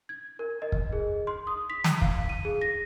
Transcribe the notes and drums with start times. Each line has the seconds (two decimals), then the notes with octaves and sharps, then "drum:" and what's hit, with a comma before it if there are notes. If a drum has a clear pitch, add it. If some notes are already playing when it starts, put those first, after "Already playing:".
0.09 G#6
0.39 A#4
0.62 D#5
0.72 drum: kick
0.93 G#4
1.27 C6
1.47 D#6
1.70 B6
1.84 drum: snare
2.01 F5, drum: kick
2.29 D#7
2.45 G#4
2.61 A#6